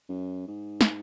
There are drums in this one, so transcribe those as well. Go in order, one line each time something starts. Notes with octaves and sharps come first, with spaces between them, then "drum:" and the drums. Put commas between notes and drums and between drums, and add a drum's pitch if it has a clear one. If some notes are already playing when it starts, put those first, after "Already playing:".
F#2
G#2
drum: snare